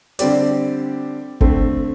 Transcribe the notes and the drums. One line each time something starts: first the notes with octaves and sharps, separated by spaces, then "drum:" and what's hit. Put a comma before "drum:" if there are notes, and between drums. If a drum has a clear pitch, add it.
D3 G3 C4 G4 D5, drum: hi-hat
D3 A3 C4, drum: kick G1